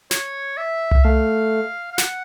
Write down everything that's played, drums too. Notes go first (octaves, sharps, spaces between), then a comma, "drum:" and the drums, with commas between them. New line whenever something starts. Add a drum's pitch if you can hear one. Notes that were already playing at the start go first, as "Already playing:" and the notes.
C#5, drum: snare
E5
drum: tom C2
A3 F5
F5
F#5, drum: snare